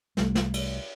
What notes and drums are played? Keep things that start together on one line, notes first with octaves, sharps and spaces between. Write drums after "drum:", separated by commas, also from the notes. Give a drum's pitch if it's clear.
C2 G3 A3, drum: snare
drum: snare
drum: cymbal